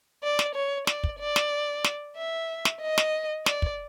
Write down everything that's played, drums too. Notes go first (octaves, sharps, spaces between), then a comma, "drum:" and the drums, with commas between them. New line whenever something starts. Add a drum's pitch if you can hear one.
D5
drum: snare
C#5
D5, drum: snare
drum: kick
D5
drum: snare
drum: snare
E5
drum: snare
D#5
drum: snare
D5, drum: snare
drum: kick